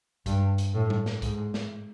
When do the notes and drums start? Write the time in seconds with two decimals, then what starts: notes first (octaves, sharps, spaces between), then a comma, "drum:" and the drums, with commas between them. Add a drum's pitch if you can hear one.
0.26 G2, drum: kick, hi-hat
0.58 drum: hi-hat
0.74 A2
0.90 drum: tom G3
1.06 drum: snare
1.22 G#2, drum: kick, hi-hat
1.54 drum: snare